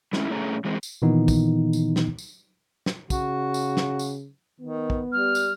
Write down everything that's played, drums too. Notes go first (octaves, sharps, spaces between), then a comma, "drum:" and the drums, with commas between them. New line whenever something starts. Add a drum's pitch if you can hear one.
G#3 A3 C#4 E4, drum: snare
A2 A3 C#4 G#4 A#5
E3 G#3 C4
drum: tambourine
A#2 D#3 E3 B3 D#4
drum: kick, tambourine
drum: tambourine
drum: snare
drum: tambourine
drum: snare
C#3 F#4, drum: kick, tambourine
drum: tambourine
drum: snare
drum: tambourine
D#3 B3
drum: kick
G3 F6
drum: tambourine